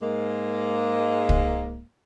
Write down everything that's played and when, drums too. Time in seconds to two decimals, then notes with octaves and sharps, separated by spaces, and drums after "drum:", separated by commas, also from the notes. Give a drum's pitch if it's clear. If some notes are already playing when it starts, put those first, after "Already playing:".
0.02 G#2 G#3 A#3
1.29 drum: kick